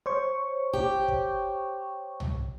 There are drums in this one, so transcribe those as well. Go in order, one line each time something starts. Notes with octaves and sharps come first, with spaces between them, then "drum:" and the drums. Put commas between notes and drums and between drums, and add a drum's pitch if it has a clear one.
C5 C#5 C#6
G4, drum: kick
drum: kick
drum: tom